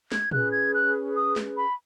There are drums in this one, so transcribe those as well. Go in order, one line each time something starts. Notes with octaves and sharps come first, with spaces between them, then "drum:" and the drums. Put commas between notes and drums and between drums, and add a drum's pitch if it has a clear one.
G#6, drum: snare
C#4 G#4 B4 F#6, drum: tom
G#6
F#6
D#6
drum: snare
B5